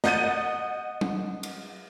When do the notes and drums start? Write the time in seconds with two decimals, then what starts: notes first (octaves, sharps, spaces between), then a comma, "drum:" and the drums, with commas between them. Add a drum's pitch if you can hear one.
0.04 D#5 F#5 G6 A6 D#7, drum: snare
1.01 drum: tom F#3
1.43 drum: cymbal